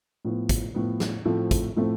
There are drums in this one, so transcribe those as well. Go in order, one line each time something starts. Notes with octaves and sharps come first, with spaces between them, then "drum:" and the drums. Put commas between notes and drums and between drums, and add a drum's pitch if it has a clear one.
A2 F3 B3
drum: kick, hi-hat
A2 F3 B3
drum: snare
A2 F3 A3 C4
drum: kick, hi-hat
A2 F3 A3 C4